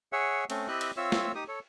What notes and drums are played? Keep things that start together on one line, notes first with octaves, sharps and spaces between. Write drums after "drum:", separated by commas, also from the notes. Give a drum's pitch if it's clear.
G#4 C#5 E5 F#5
A3 C4 C#4, drum: cymbal
C4 E4 G4 D#5 E5 F#6
drum: cymbal
C4 F4 C#5 E5 E6
drum: snare
D#4 G4 D#6
A4 C#5